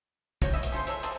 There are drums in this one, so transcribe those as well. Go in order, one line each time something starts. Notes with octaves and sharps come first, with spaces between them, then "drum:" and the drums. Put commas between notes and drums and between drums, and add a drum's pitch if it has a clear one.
F#4 C#5 F5 G5, drum: kick, hi-hat
B2 D#5 E5
drum: hi-hat
C#4 F4 A4 C5
G#3 A4 C#5 E5, drum: hi-hat
A#3 C4 G#4 A4, drum: hi-hat